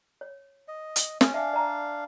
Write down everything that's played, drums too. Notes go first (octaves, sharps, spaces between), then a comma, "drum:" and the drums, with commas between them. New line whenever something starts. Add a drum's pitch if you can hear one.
C#5
D#5
drum: hi-hat
C#4, drum: snare
D4 E5 F5 G5 G#5
D5 A#5